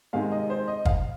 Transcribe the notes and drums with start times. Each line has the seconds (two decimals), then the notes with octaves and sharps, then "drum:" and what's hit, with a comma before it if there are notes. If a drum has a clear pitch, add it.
0.13 C3 D#3 G#3 F5
0.31 D#5
0.50 C5
0.68 D#5
0.85 F5, drum: kick